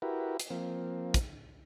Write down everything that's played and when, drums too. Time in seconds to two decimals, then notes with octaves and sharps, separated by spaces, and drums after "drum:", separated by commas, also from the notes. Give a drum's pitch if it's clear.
0.02 E4 F#4 G4 A#4 B4
0.40 drum: hi-hat
0.50 F3 A#3 C4
1.14 drum: kick, hi-hat